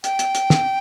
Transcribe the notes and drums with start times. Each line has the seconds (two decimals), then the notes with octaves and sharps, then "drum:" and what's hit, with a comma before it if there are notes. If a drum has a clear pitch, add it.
0.04 G5, drum: hi-hat
0.19 drum: hi-hat
0.35 drum: hi-hat
0.50 drum: snare